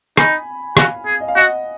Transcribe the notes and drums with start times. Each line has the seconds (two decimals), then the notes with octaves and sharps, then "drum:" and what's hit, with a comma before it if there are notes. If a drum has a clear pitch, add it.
0.17 D#4 G#5 B5, drum: rim click
0.77 F#4 F5 G#5, drum: rim click
1.06 G#4
1.20 D#5
1.28 F5
1.36 F#4 D#5 F#5